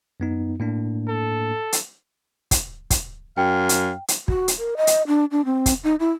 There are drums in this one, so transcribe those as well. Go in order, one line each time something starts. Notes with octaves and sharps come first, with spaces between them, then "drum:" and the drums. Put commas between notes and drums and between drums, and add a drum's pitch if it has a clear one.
F#2 B3 D#4
A2 A#3 D4
A4
drum: hi-hat
drum: kick, hi-hat
drum: kick, hi-hat
F#2 F5 G5
drum: hi-hat
drum: hi-hat
F#4, drum: kick
drum: hi-hat
A#4
D#5
drum: hi-hat
D4
D4
C4
drum: kick, hi-hat
D#4
E4